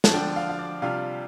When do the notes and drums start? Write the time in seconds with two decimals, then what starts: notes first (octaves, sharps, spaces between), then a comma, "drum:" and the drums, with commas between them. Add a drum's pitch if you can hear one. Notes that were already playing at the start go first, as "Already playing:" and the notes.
0.04 A5, drum: snare
0.13 D3 F3 D4 G5
0.36 F5
0.49 F5
0.59 D5
0.82 C3 G3 D4 F4 F5